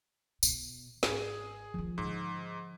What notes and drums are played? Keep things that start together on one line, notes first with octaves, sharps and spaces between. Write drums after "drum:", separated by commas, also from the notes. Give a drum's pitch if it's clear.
B2, drum: tambourine
G#1 G#4, drum: snare
D#3 F3 C#4
G#2 D3